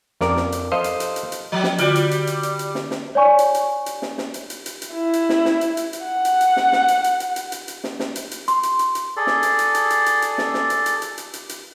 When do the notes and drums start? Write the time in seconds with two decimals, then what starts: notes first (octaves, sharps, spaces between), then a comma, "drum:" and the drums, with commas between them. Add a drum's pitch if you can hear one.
0.21 F2 A#4 D5, drum: snare
0.36 drum: snare
0.52 drum: hi-hat
0.72 A4 C5 D#5 F5
0.84 drum: hi-hat
1.00 drum: hi-hat
1.16 drum: hi-hat
1.32 drum: hi-hat
1.52 F3 F#3
1.64 drum: snare
1.78 D3 G3 F4 F#4 D5, drum: hi-hat
1.95 drum: hi-hat
2.11 drum: hi-hat
2.27 drum: hi-hat
2.43 drum: hi-hat
2.59 drum: hi-hat
2.75 drum: snare
2.91 drum: snare
3.15 C#5 D5 G#5 C#6
3.39 drum: hi-hat
3.54 drum: hi-hat
3.86 drum: hi-hat
4.02 drum: snare
4.18 drum: snare
4.34 drum: hi-hat
4.50 drum: hi-hat
4.66 drum: hi-hat
4.82 drum: hi-hat
4.93 E4
5.13 drum: hi-hat
5.29 drum: snare
5.45 drum: snare
5.61 drum: hi-hat
5.77 drum: hi-hat
5.93 drum: hi-hat
6.05 F#5
6.25 drum: hi-hat
6.41 drum: hi-hat
6.57 drum: snare
6.72 drum: snare
6.88 drum: hi-hat
7.04 drum: hi-hat
7.20 drum: hi-hat
7.36 drum: hi-hat
7.52 drum: hi-hat
7.68 drum: hi-hat
7.84 drum: snare
8.00 drum: snare
8.16 drum: hi-hat
8.31 drum: hi-hat
8.48 C6, drum: hi-hat
8.63 drum: hi-hat
8.79 drum: hi-hat
8.95 drum: hi-hat
9.17 G#4 A4 D5
9.27 drum: snare
9.43 drum: hi-hat
9.59 drum: hi-hat
9.75 drum: hi-hat
9.90 drum: hi-hat
10.06 drum: hi-hat
10.22 drum: hi-hat
10.38 drum: snare
10.54 drum: snare
10.70 drum: hi-hat
10.86 drum: hi-hat
11.02 drum: hi-hat
11.18 drum: hi-hat
11.33 drum: hi-hat
11.49 drum: hi-hat